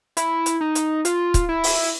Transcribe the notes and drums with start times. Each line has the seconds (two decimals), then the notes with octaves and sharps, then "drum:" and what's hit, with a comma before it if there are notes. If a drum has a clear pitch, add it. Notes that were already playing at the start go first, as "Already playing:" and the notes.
0.17 E4, drum: hi-hat
0.46 drum: hi-hat
0.61 D#4
0.75 drum: hi-hat
1.05 F4, drum: hi-hat
1.34 drum: kick, hi-hat
1.49 E4
1.64 drum: open hi-hat